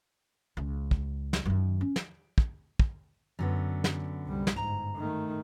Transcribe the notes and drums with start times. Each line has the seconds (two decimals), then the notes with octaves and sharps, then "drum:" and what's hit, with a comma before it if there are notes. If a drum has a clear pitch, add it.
0.57 C#2
0.91 drum: kick
1.33 drum: snare
1.45 F#2 D#3
1.81 C#4
1.96 drum: snare
2.38 drum: kick
2.80 drum: kick
3.39 F#2 D3 B3
3.84 drum: snare
4.26 C2 G3
4.47 drum: snare
4.56 G1 G#2 A#5
4.96 D#3 A3